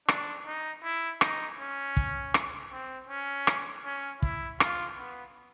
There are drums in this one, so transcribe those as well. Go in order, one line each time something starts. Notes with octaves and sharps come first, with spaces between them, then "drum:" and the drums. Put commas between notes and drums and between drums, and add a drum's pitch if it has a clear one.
D4, drum: rim click
D#4
E4
D#4, drum: rim click
C#4
drum: kick
drum: rim click
C4
C#4
drum: rim click
C#4
E4, drum: kick
F4, drum: rim click
B3